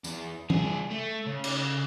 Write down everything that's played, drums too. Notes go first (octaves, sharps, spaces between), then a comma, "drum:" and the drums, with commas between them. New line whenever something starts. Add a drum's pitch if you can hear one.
E2, drum: tambourine
C2 G#4, drum: tom
A3
C#3
drum: cymbal